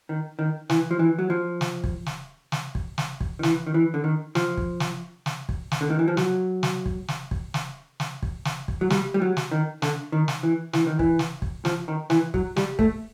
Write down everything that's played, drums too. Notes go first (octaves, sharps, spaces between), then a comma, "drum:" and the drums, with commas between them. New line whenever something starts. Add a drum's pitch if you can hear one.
D#3
D#3
E3, drum: snare
F3
E3
F#3
F3
drum: snare
drum: kick
drum: snare
drum: snare
drum: kick
drum: snare
drum: kick
D#3
E3, drum: snare
D#3
E3
D3
D#3
F3, drum: snare
drum: kick
drum: snare
drum: snare
drum: kick
drum: snare
D3
D#3
E3
F3
F#3, drum: snare
drum: snare
drum: kick
drum: snare
drum: kick
drum: snare
drum: snare
drum: kick
drum: snare
drum: kick
F#3
G3, drum: snare
G3
F#3
drum: snare
D#3
D3, drum: snare
D#3
drum: snare
E3
E3, drum: snare
D#3
E3, drum: kick
drum: snare
drum: kick
F3, drum: snare
D#3
E3, drum: snare
F#3, drum: kick
G3, drum: snare
A3, drum: kick